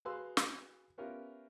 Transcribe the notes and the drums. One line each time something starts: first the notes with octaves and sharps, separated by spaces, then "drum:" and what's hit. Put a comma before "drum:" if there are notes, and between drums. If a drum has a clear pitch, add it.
F#4 G#4 B4 F5 C6 E6
drum: snare
B3 C#4 E4 F4 G4 A#4